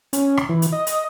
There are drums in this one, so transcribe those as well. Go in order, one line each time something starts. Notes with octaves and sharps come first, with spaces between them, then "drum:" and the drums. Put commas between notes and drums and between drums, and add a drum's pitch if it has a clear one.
C#4, drum: hi-hat
drum: rim click
E3
drum: hi-hat
D#5
drum: hi-hat